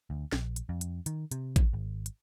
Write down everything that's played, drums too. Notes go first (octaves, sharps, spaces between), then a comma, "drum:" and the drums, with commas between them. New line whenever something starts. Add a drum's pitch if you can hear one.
D2
A#1, drum: snare
drum: hi-hat
F2
drum: hi-hat
D#3, drum: hi-hat
C3, drum: hi-hat
drum: kick A1, hi-hat
G#1
drum: hi-hat